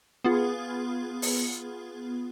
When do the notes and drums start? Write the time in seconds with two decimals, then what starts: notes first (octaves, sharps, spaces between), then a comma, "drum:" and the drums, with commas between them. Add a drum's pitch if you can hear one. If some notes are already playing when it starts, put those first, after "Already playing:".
0.24 B3 F4 G#4
1.22 drum: open hi-hat